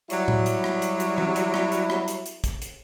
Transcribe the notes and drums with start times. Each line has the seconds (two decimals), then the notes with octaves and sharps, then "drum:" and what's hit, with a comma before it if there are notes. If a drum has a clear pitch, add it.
0.10 F#3 G3 E4, drum: hi-hat
0.28 drum: tom A2
0.46 drum: hi-hat
0.64 drum: rim click
0.82 drum: hi-hat
1.00 drum: hi-hat
1.18 drum: tom E3
1.36 drum: hi-hat
1.54 drum: rim click
1.72 drum: hi-hat
1.90 drum: rim click
2.08 drum: hi-hat
2.26 drum: hi-hat
2.44 drum: kick, hi-hat
2.62 drum: hi-hat